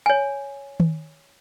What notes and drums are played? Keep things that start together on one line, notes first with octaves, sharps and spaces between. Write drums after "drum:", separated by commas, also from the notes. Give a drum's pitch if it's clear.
C#5 G#5
drum: tom D#3